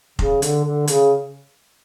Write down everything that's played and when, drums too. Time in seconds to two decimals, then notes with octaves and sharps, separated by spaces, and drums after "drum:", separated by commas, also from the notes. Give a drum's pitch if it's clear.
0.19 C#3, drum: kick F1
0.42 D3, drum: hi-hat
0.64 D3
0.88 C#3, drum: hi-hat